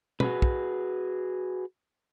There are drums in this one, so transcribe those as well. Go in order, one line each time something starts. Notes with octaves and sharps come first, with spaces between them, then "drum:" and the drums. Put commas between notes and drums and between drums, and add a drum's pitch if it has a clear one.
F#4 G#4 B4, drum: tom
drum: kick